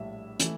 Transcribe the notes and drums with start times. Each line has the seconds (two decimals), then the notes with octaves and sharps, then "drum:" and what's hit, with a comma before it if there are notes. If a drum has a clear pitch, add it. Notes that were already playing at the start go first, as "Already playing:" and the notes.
Already playing: A#1 A2 G3 E5
0.40 E3 A3, drum: hi-hat